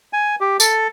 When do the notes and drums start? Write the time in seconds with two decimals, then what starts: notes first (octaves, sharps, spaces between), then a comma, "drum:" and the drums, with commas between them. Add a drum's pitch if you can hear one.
0.13 G#5
0.41 G4
0.60 A4, drum: tambourine